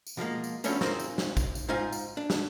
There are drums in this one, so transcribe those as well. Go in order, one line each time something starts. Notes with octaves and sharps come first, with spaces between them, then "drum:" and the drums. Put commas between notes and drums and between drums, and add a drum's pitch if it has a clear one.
drum: tambourine
B2 F3 G#3 A#3
drum: tambourine
F3 F#3 A3 B3 C#4 D4, drum: tambourine
C4 F4 G#4 A#4 C5, drum: snare
drum: tambourine
drum: snare
drum: kick, tambourine
drum: tambourine
G#2 D#4 F4 C5 G#5
drum: tambourine
D4
drum: snare